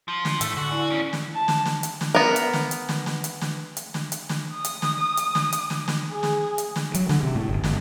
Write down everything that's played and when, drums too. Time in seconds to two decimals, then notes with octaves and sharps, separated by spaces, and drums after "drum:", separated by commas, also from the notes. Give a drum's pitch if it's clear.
0.08 F3
0.25 drum: snare
0.41 A2 A3, drum: hi-hat
0.57 D3 F#4
0.69 E4 D5 G#5
0.90 E2 C#4
1.13 drum: snare
1.34 A5
1.48 drum: snare
1.66 drum: snare
1.83 drum: hi-hat
2.01 drum: snare
2.15 B3 A#4
2.36 drum: hi-hat
2.53 drum: snare
2.71 drum: hi-hat
2.89 drum: snare
3.06 drum: snare
3.24 drum: hi-hat
3.41 drum: snare
3.77 drum: hi-hat
3.94 drum: snare
4.12 drum: hi-hat
4.29 drum: snare
4.55 D#6
4.65 drum: hi-hat
4.82 drum: snare
5.17 drum: hi-hat
5.35 drum: snare
5.52 drum: hi-hat
5.70 drum: snare
5.88 drum: snare
6.12 G#4
6.23 drum: snare
6.58 drum: hi-hat
6.76 drum: snare
6.94 F#3, drum: hi-hat
7.09 D3, drum: snare
7.23 C3
7.35 A2
7.49 G1
7.64 G1, drum: snare